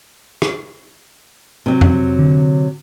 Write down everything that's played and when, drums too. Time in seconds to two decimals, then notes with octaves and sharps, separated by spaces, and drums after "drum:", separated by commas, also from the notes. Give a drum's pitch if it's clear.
0.42 drum: rim click
1.66 C3 F#3
1.81 drum: tom F2
2.19 D3